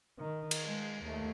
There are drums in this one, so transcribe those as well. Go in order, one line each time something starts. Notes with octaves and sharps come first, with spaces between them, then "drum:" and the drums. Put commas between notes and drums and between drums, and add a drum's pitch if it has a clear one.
D#3
drum: cymbal
G#3
D#2 A3